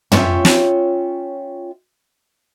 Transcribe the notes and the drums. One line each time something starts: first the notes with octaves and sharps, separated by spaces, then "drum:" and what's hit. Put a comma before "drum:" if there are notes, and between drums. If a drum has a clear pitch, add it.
C#4 F4 C#5 E5 G5, drum: tom
drum: snare